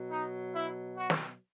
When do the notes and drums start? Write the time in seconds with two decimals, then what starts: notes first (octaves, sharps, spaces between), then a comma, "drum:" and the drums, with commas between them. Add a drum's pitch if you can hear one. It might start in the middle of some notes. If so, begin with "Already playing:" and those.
Already playing: B2 F#3
0.09 D#4
0.53 E4
0.96 F#4
1.10 drum: snare